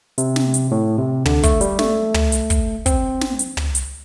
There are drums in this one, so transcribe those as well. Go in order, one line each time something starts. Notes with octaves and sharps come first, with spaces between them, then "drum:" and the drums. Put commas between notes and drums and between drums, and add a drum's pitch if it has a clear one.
C3, drum: hi-hat
drum: snare
drum: hi-hat
A2
C3
D3, drum: tom
A3, drum: kick, hi-hat
G3, drum: hi-hat
A3, drum: snare
drum: tom
drum: hi-hat
drum: kick, hi-hat
C4, drum: kick, hi-hat
drum: snare
drum: hi-hat
drum: tom
drum: hi-hat